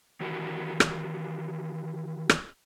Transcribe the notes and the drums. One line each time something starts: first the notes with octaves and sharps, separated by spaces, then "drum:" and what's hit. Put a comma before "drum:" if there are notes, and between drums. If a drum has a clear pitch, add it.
D#3 E3 F#4 G4 A#4
drum: rim click
drum: rim click